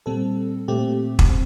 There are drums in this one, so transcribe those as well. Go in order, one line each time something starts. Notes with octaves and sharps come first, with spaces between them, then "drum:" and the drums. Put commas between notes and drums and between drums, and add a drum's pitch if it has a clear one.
A#2 G3 C4 A4
A#2 A3 C4 G4
drum: kick
C4